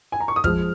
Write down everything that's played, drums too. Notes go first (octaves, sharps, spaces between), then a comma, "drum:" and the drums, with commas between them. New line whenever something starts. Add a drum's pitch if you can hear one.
G#5
A#5
C#6
D#6
F2 F3 G#3 F6, drum: kick